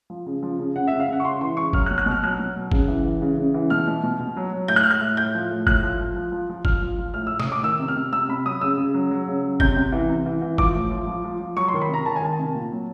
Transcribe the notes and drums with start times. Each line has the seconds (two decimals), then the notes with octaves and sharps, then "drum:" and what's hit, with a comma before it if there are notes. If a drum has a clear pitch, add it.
0.10 F3
0.26 C#3
0.43 F3
0.59 C#3
0.76 C#3 F#5
0.88 C#3 E5
1.00 F5
1.09 C#3 F#5
1.20 C#6
1.25 C#3 C6
1.41 E3 C6
1.57 C#3 C#6
1.73 F#3 F6, drum: kick G1
1.86 F#6
1.91 B2
1.98 F#6
2.06 B2
2.11 F6
2.23 F#3 F#6
2.39 B2
2.55 F#3
2.72 C#3, drum: kick G1
2.88 E3
3.04 E3
3.22 C#3
3.38 C#3
3.54 E3
3.70 B2 F6
3.87 B2
4.03 B2
4.19 B2
4.37 F#3
4.53 F#3
4.68 A2 G6
4.76 F#6
4.83 A2 F6
4.91 F#6
5.01 A2
5.17 A2 G6
5.35 F3
5.51 A2
5.67 A2 F#6, drum: kick G1
5.83 F3
6.00 F3
6.16 F3
6.32 F3
6.49 F3
6.65 F3 F6, drum: kick G1
6.81 F3
6.98 F3
7.14 A2 F6
7.27 A2 E6
7.40 D#6, drum: snare
7.48 A2 D6
7.63 D#3 E6
7.79 C3
7.88 F6
7.96 C3
8.12 C3 E6
8.29 C3 B5
8.45 F#3 D#6
8.61 C#3 E6
8.78 C#3
8.94 F#3
9.11 F#3
9.28 C#3
9.43 F#3
9.60 C3 G6, drum: kick G1
9.77 C3
9.92 E3
10.09 C3
10.26 E3
10.42 E3
10.58 F3 D6, drum: kick G1
10.74 A2
10.91 F3
11.07 F3
11.24 F3
11.40 F3
11.57 F#3 C#6
11.68 C6
11.74 D#3
11.81 B5
11.89 C3 A#5
12.05 D#3 A5
12.16 G#5
12.22 D#3 A5
12.39 C3
12.54 A#2
12.72 F#3